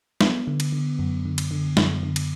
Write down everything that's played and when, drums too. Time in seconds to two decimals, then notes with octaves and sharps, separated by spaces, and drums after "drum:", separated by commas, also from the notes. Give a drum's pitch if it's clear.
0.21 B3, drum: snare
0.47 D3
0.60 drum: cymbal
0.72 D3
0.99 F#2
1.25 D3
1.38 drum: cymbal
1.51 D3
1.77 F#2, drum: snare
2.03 D3
2.16 drum: cymbal